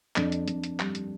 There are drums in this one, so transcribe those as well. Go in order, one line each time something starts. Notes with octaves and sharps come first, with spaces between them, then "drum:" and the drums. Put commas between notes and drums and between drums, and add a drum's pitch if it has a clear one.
F2 D4, drum: clap
drum: hi-hat
F2, drum: hi-hat
drum: hi-hat
G3, drum: clap
drum: hi-hat